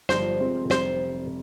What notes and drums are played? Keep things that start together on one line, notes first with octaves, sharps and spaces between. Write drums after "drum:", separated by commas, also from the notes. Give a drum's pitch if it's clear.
G1 G2 F3 C5, drum: snare
C3 F3 G#3 C4
F1 C3 G3 C5, drum: snare